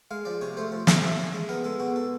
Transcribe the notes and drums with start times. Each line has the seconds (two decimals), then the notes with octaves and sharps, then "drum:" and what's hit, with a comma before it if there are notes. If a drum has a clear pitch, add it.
0.11 G#3 F5
0.25 F3 D5
0.41 C3 C#5
0.57 A3 C5
0.72 F3
0.87 C3, drum: snare
1.03 E4
1.18 C#4
1.33 G#3
1.49 B3 A#4
1.64 G#3 A4
1.80 B2 F#4
1.96 A4